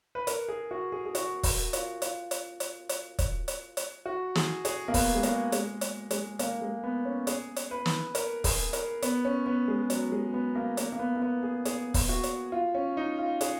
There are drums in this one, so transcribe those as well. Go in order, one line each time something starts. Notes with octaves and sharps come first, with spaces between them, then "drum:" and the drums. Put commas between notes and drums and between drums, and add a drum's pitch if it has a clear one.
B4
A#4, drum: hi-hat
G#4
F#4
G#4
G#4
F#4, drum: hi-hat
drum: kick, open hi-hat
F4, drum: hi-hat
F4, drum: hi-hat
drum: hi-hat
drum: hi-hat
drum: hi-hat
drum: kick, hi-hat
drum: hi-hat
drum: hi-hat
F#4
G#4, drum: snare
G#4, drum: hi-hat
A#3
B3, drum: kick, open hi-hat
G#3
A#3, drum: hi-hat
G#3, drum: hi-hat
drum: hi-hat
G#3, drum: hi-hat
A#3, drum: hi-hat
G#3
B3
C#4
G#4, drum: hi-hat
drum: hi-hat
B4
drum: snare
A#4, drum: hi-hat
G#4, drum: kick, open hi-hat
A#4, drum: hi-hat
B3, drum: hi-hat
C#4
B3
G#3
F#3, drum: hi-hat
G#3
B3
A#3
A#3, drum: hi-hat
A#3
B3
A#3
B3
G#4
G#4, drum: hi-hat
drum: kick, open hi-hat
F#4
drum: hi-hat
F4
C#4
D#4
F4
G#4, drum: hi-hat